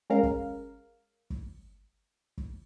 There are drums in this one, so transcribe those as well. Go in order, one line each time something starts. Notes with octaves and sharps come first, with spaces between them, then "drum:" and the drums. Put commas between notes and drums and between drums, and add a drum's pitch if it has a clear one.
G#3 C#4 A#4 F5
drum: kick
drum: kick
drum: kick